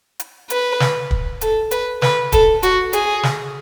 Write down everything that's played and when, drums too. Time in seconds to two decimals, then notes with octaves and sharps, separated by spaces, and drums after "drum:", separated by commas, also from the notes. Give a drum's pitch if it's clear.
0.20 drum: hi-hat
0.50 B4, drum: hi-hat
0.80 drum: snare
1.11 drum: kick
1.41 A4, drum: hi-hat
1.71 B4, drum: hi-hat
2.02 B4, drum: snare
2.32 A4, drum: kick, hi-hat
2.63 F#4, drum: hi-hat
2.93 G#4, drum: hi-hat
3.23 drum: snare